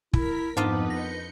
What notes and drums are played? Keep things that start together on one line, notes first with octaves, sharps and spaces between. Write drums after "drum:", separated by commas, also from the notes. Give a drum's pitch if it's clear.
E4 A#4 B6, drum: kick
F2 G#2 B3 D4 D#4 F4 B4 D#5
G6 A#6 C#7